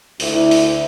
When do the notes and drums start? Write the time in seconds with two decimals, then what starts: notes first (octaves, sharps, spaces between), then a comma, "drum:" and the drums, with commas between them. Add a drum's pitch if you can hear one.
0.20 D2 E4, drum: open hi-hat
0.51 drum: open hi-hat